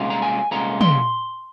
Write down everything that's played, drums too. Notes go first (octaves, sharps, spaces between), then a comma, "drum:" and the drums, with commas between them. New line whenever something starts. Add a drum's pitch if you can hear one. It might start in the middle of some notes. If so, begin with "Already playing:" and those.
Already playing: C2 A#2 G#3 C#4 F4
A#5
G#5
C2 A#2 G#3 C#4 F4 A#5
C6, drum: tom